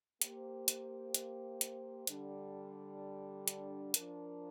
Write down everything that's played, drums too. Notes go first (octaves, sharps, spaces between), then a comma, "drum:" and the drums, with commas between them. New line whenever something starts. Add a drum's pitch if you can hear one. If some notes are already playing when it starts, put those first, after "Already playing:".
A#3 G4 C5, drum: hi-hat
drum: hi-hat
drum: hi-hat
drum: hi-hat
D3 G3 D4, drum: hi-hat
drum: hi-hat
F3 D4 A#4, drum: hi-hat